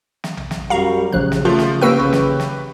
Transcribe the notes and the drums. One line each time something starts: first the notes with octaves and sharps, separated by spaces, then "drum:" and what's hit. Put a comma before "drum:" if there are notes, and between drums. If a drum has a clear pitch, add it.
drum: snare
drum: tom A#1
drum: snare
F#2 G3 F5 A#5 C#6
A#1 C#3 F3 F#6
drum: snare
F3 A3 F4
drum: snare
A#3 G4 B4 C#6 E6 D7
drum: tom A#1
drum: snare
drum: snare